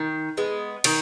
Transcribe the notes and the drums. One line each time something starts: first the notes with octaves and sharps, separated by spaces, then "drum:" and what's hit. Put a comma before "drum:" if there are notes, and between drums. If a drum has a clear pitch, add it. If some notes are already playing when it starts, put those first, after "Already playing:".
Already playing: D#3
G#3 B3
D#3 A#4, drum: cymbal